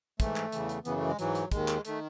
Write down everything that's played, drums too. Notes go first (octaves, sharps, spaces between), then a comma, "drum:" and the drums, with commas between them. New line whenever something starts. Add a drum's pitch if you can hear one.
G#2 E3 A3, drum: kick, hi-hat
drum: clap
E2 C#3 E3, drum: hi-hat
drum: hi-hat
F#2 C#3 E3 B3, drum: hi-hat
A3
G#3
G#2 E3 F#3, drum: hi-hat
drum: hi-hat
D#2 D#3 G#3, drum: kick, hi-hat
drum: clap
D#3 A3, drum: hi-hat